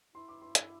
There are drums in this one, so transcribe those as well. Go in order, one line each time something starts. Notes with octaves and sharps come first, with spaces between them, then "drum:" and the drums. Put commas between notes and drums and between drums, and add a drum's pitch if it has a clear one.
E4 C6
D6
C6
E6, drum: hi-hat